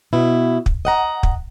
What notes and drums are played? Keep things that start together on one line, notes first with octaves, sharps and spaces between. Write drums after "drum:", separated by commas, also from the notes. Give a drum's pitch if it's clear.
B2 E4
drum: kick
D#5 F#5 A#5
drum: kick